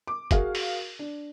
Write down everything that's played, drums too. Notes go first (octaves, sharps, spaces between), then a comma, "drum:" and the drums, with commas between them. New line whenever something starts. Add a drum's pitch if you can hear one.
D6
F#4 G#4 A#4 F5, drum: kick, hi-hat
drum: open hi-hat
D4